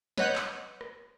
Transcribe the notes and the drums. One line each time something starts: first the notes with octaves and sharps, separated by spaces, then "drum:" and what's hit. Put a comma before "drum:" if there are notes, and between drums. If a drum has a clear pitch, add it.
B4 C#5 D#5 F#5 F#6 G6, drum: snare
drum: clap
drum: rim click